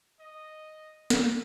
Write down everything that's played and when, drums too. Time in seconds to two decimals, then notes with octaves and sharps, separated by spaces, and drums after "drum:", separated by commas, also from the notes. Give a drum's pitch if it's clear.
0.20 D#5
1.10 drum: snare